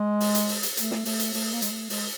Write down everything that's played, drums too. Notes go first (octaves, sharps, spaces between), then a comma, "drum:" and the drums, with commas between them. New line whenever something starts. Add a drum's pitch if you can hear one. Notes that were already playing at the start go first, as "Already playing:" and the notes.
Already playing: G#3
drum: open hi-hat
drum: hi-hat
drum: open hi-hat
drum: hi-hat
A3, drum: hi-hat
drum: snare
A3, drum: open hi-hat
drum: hi-hat
A3, drum: open hi-hat
A#3
G#3, drum: hi-hat
A3
G#3, drum: open hi-hat